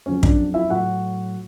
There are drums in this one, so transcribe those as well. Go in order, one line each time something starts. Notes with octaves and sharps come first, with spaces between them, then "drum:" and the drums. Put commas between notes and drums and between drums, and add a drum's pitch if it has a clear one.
F2 C#3 F#3 C#4 C#5
D4 D5, drum: kick
E4 E5
A2 F#3 F#4 F#5